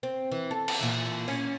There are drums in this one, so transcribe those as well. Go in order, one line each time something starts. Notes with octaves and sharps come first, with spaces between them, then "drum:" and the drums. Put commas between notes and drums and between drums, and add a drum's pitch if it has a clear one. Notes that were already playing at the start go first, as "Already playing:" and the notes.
C4
E3
A4
drum: cymbal
A#2 E3
C#4